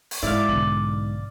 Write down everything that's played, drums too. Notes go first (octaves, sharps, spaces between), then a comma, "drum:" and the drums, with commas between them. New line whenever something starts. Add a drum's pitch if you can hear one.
drum: open hi-hat
G#2 E4 D5 F5
B1 D3 F#7